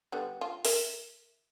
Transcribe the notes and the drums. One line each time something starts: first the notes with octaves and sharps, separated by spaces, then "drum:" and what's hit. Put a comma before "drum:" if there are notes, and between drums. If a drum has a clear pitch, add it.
D3 G3 B3
F4
A#4 E5, drum: open hi-hat